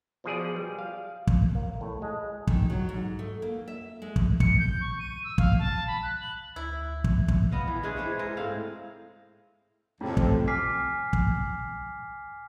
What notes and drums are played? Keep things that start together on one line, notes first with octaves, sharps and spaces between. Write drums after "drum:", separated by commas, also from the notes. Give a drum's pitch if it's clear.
B2 F3 G#4 D5
G3
F5
drum: kick
A#3
A2
G#3
D#3, drum: kick
F#3
G#2
A3
A#3
E5
G#3
drum: kick
C#7, drum: kick
G6
C#6
D#7
E6
F5, drum: kick
A5
B5
F#6
F#7
D2 E4
drum: kick
drum: kick
B3 D#5 F5
E3
G#3 C#4 D4 G#4
E3 C5 C#5
G#2 D#5
A2 C4 F5
F2 A2 C3
drum: kick
G#5 D6 F6 B6 C7
drum: kick